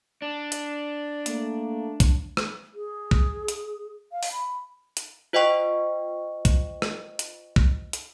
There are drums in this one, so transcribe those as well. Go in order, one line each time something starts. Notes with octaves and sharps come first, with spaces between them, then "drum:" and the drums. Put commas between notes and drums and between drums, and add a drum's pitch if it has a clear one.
D4 D5
drum: hi-hat
A3 A#3, drum: hi-hat
drum: kick B1, hi-hat
drum: rim click
G#4
drum: kick B1
drum: hi-hat
F5
drum: open hi-hat
B5
drum: hi-hat
F4 C5 D#5 F#5 G5 C#6
drum: kick B1, hi-hat
drum: rim click
drum: hi-hat
drum: kick B1
drum: hi-hat